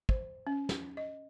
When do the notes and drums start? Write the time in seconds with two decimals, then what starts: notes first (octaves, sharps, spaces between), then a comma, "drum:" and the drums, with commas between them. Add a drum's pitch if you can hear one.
0.09 C5, drum: kick
0.47 C#4
0.69 drum: snare
0.97 D#5